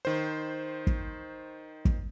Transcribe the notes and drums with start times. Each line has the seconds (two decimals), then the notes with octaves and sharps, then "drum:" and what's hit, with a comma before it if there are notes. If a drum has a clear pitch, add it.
0.05 D#3 C5
0.87 drum: kick
1.85 drum: kick